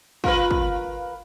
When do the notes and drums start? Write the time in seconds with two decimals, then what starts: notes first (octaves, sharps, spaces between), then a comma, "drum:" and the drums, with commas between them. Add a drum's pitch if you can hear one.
0.24 F4 A#4 B4, drum: kick
0.51 drum: kick